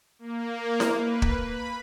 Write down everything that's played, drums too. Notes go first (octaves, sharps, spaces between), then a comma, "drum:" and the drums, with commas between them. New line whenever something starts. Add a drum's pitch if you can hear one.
A#3
drum: snare E4
B4
drum: kick
B5